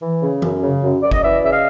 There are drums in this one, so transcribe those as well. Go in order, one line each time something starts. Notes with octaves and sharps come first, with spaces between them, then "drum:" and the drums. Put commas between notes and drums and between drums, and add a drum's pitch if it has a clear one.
E3
C#3
F#2, drum: tom E3
C#3
F#2
F#2 D5
D#5, drum: kick G1
E3 D5 E5
C#3 E5
D#5 F5